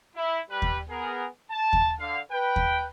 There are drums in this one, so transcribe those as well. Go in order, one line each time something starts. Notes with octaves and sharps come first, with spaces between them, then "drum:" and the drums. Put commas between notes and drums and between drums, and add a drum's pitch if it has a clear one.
E4
G3 B4
drum: kick D#2
B3 G#4 A#4
A5
drum: kick D#2
D3 F5
B4 G5
drum: kick D#2